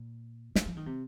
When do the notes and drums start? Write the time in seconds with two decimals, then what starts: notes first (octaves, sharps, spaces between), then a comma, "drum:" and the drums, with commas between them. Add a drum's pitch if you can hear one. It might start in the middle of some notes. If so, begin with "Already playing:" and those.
Already playing: A#2
0.55 F3, drum: snare
0.65 F3
0.77 D#3
0.86 C3